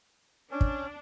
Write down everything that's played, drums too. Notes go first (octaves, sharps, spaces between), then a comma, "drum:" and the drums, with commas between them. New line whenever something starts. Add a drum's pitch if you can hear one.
C#4 D4
drum: kick